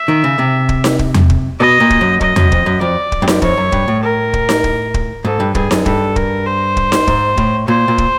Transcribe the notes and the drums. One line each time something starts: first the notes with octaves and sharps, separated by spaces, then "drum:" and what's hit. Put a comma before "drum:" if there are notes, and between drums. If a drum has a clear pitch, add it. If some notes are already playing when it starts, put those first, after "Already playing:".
Already playing: E5
D#3
C#3
C3
drum: kick
drum: snare D#4
drum: kick
drum: tom E2
drum: kick
B2 D#5
A#2
drum: kick
F#2
F#2 D#5, drum: kick
F#2, drum: tom E2
F2, drum: kick
F#2
F2 D5
drum: kick
G2
F#2, drum: snare D#4
F2 C#5, drum: kick
F#2
G2, drum: kick
A2
A#4
drum: kick
drum: snare D#4
drum: kick
drum: kick
G#2 A4
G2
G2 G#4, drum: kick
F#2, drum: snare D#4
G2 A4, drum: kick
A#4, drum: kick
C5
drum: kick
drum: snare D#4
G#2, drum: kick
A2, drum: kick
A#2 C5
A#2
drum: kick